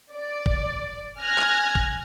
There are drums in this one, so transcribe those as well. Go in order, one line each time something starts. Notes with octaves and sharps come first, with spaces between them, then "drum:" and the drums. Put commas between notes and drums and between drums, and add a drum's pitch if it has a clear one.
D5
drum: kick
G#5 F6 F#6 G#6 A#6
drum: clap
drum: kick